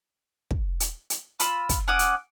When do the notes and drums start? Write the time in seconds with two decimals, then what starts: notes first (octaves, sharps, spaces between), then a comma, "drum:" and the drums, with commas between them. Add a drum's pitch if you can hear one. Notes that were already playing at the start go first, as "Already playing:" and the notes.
0.51 drum: kick
0.80 drum: hi-hat
1.10 drum: hi-hat
1.40 F4 B5 E6, drum: hi-hat
1.69 drum: kick, hi-hat
1.88 C#4 F#5 D6 D#6
1.99 drum: hi-hat